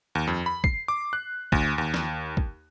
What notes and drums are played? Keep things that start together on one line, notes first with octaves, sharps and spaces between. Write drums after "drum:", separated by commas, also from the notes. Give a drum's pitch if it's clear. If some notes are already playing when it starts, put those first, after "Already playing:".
D#2
F2
B5
C7, drum: kick
D6
F#6
D2, drum: kick
D#2
drum: snare
drum: kick